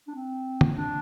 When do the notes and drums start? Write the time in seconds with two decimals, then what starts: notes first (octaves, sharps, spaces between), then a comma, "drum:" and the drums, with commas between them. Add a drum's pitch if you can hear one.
0.08 D4
0.15 C4
0.61 drum: tom
0.77 D4